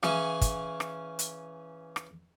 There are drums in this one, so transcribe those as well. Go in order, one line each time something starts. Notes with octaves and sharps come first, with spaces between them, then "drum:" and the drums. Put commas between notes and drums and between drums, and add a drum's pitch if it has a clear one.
C#3 E3 C#4, drum: rim click
drum: kick, hi-hat
drum: rim click
drum: hi-hat
drum: rim click